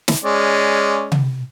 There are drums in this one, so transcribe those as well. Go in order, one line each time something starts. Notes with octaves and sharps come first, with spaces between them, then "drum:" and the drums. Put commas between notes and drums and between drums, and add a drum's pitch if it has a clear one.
drum: snare
G#3 C#4 D5
drum: tom C3